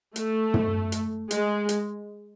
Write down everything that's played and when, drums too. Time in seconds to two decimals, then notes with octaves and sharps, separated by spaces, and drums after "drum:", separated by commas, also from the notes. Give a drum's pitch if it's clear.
0.16 A3, drum: hi-hat
0.54 drum: tom
0.92 drum: hi-hat
1.31 G#3, drum: hi-hat
1.69 drum: hi-hat